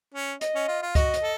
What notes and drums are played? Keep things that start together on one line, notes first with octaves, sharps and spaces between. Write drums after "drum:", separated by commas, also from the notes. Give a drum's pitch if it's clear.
C#4
D#5, drum: hi-hat
C#4
F4
F4
F#4 D#5, drum: kick C#2, hi-hat
drum: hi-hat
A4